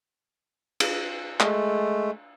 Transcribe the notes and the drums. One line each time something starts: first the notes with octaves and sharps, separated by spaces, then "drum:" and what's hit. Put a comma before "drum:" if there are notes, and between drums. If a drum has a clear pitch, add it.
drum: cymbal
G#3 A3, drum: clap